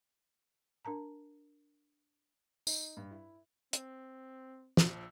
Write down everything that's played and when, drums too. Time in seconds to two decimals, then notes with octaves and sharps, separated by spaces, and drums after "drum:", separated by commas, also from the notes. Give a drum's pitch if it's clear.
0.85 D4 A#4 A5 A#5
2.67 D#4, drum: tambourine
2.97 G2
3.11 E4
3.73 C4, drum: hi-hat
4.77 A#1 F3 E6, drum: snare